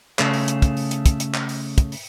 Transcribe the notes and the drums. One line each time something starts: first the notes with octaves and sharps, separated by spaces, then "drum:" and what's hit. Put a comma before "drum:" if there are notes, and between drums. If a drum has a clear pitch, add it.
C#3 A3, drum: clap
drum: open hi-hat
drum: hi-hat
drum: kick, hi-hat
drum: open hi-hat
drum: hi-hat
drum: kick, hi-hat
drum: hi-hat
drum: clap
drum: open hi-hat
drum: kick, hi-hat
drum: open hi-hat